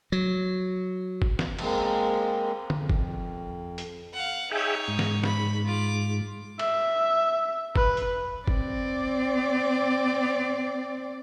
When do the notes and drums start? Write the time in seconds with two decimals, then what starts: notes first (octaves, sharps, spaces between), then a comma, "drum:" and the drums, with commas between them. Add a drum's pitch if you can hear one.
0.12 F#3
1.22 drum: kick F#1
1.39 drum: snare
1.59 G#3 A#3 C4, drum: cymbal
2.70 F2, drum: tom
2.90 drum: kick F#1
3.78 drum: hi-hat
4.14 F5 F#5
4.52 D#4 G#4 C#5 E5 G5
4.88 G#2
4.99 drum: snare
5.24 B5, drum: snare
5.65 F4 D6
6.59 E5, drum: cymbal
7.76 B4, drum: kick F#1
7.97 drum: hi-hat
8.48 C4 D5, drum: kick F#1